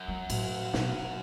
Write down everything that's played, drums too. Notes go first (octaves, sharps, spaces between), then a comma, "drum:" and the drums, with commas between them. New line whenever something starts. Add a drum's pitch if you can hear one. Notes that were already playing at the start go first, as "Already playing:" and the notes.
Already playing: F#2
F#3
A2, drum: cymbal
B2, drum: snare